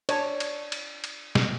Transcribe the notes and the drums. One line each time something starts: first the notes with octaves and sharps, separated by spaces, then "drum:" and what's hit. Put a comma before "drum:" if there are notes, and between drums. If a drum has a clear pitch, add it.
D4 C#5, drum: cymbal
drum: cymbal
drum: cymbal
drum: cymbal
drum: snare